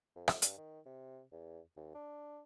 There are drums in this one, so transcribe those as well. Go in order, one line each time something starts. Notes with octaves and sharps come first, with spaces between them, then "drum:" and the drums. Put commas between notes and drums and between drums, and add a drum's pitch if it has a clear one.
F2
drum: rim click
G2, drum: hi-hat
D#3
C3
E2
D#2
D4